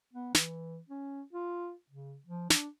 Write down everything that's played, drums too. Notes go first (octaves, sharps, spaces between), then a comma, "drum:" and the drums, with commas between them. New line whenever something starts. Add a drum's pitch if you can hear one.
B3
E3, drum: snare
C#4
F4
C#3
F3
D4, drum: snare